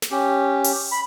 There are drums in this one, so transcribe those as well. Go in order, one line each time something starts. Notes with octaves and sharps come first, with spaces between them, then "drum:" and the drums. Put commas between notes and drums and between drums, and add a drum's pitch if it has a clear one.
drum: snare
C#4 G4
drum: open hi-hat
B5